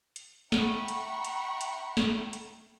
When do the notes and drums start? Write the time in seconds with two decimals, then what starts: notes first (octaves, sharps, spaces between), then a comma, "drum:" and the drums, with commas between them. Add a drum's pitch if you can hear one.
0.16 drum: hi-hat
0.52 E5 F#5 G5 A#5 B5 C#6, drum: snare
0.88 drum: hi-hat
1.24 drum: hi-hat
1.61 drum: hi-hat
1.97 drum: snare
2.33 drum: hi-hat